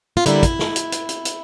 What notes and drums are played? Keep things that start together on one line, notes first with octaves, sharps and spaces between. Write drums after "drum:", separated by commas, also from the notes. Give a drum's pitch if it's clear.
F4
D3 G3 A#3 E4, drum: hi-hat
drum: kick, hi-hat
drum: snare
drum: hi-hat
drum: hi-hat
drum: hi-hat
drum: hi-hat